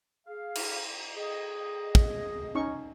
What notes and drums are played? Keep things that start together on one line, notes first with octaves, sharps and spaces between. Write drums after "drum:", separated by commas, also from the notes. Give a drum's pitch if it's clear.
G#4 F5
drum: cymbal
G#4 D#5
drum: kick
C#4 D#4 C#6